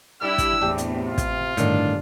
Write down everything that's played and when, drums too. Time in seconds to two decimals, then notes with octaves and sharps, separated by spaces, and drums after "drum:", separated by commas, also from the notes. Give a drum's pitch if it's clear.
0.22 G3 D4 E4 G4 D5 E6
0.38 drum: kick, hi-hat
0.62 E2 A2 C3 D4 G4
0.78 drum: hi-hat
1.07 F4
1.18 drum: kick, hi-hat
1.57 G1 A2 D#3 D4, drum: hi-hat